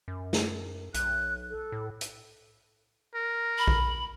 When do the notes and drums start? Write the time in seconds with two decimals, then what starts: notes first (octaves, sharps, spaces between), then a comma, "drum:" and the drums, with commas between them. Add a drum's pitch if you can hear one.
0.08 F#2
0.33 drum: snare
0.94 B1 F#6, drum: hi-hat
1.49 A4
1.72 A2
2.01 drum: hi-hat
3.15 A#4
3.58 B5
3.67 drum: kick A#1